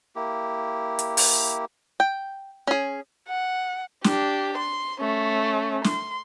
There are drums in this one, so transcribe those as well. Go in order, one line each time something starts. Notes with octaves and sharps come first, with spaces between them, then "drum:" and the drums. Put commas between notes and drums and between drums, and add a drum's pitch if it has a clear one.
A#3 E4 G4
drum: hi-hat
drum: open hi-hat
G5
C#4 G#4
F#5
D4 G4, drum: snare
C6
A3 C#4
C6, drum: snare